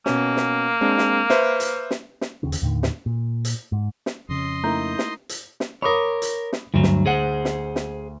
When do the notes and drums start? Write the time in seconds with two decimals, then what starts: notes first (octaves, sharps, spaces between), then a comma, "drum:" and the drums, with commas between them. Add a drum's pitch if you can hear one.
0.06 B2 A#3 C#4, drum: snare
0.37 drum: snare
0.81 G#3 C4 D4
0.98 drum: snare
1.30 B4 C5 E5, drum: snare
1.60 drum: hi-hat
1.91 drum: snare
2.21 drum: snare
2.43 E1 D#2 C#3 C#4
2.52 drum: hi-hat
2.62 D#2 A2 D3 D#3
2.83 drum: snare
3.06 A#2
3.45 drum: hi-hat
3.72 G#2
4.06 drum: snare
4.29 F2 C#3 D#5 C6
4.64 A3 A#3 D#4 E4 A#5 G6
4.99 drum: snare
5.29 drum: hi-hat
5.60 drum: snare
5.82 A#4 C#5 B5 D6 D#6
6.22 drum: hi-hat
6.53 drum: snare
6.74 D2 G2 F#3
6.83 drum: snare
7.06 G#4 C5 F#5
7.45 drum: snare
7.76 drum: snare